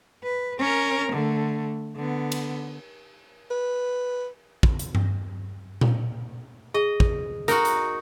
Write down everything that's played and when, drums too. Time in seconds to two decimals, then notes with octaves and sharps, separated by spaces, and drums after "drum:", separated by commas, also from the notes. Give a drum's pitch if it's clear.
0.23 B4
0.59 C#4 A#4
1.12 D3 A3
1.96 D3 B3
2.32 drum: cymbal
3.51 B4
4.63 drum: kick
4.79 drum: hi-hat
4.95 drum: tom G2
5.81 drum: tom A#2
6.74 G#4 D#5
7.00 drum: kick
7.48 D#4 F#4 A#4, drum: hi-hat
7.65 drum: hi-hat